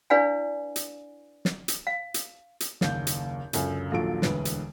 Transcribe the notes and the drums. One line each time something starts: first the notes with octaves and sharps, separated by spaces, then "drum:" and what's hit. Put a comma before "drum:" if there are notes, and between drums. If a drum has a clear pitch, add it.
D4 E4 B4 D5 F5 G#5
drum: hi-hat
drum: snare
drum: hi-hat
F5
drum: hi-hat
drum: hi-hat
F#1 D#2 G6, drum: snare
drum: hi-hat
C#2 F#2 D3, drum: hi-hat
A#1 D#2 F#3 F4 A4 D7
E1 D2 B4, drum: snare
drum: hi-hat